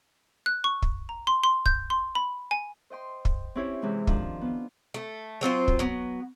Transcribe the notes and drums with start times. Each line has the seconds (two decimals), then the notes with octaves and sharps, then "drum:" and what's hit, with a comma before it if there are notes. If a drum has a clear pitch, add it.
0.46 F#6
0.64 C#6
0.82 drum: kick
1.09 A#5
1.27 C6
1.44 C6
1.66 G6, drum: kick
1.90 C6
2.15 B5
2.51 G#5
2.90 C5 D#5 G5 C6
3.25 drum: kick
3.55 C4 C#4 E4 G4 C5 C#5
3.82 C3 E3 G#3
4.07 D#3 F3 D4, drum: kick
4.41 B3 F4
4.94 A3
5.41 F#3 C4 F4 C5
5.68 drum: kick
5.79 F#3 B3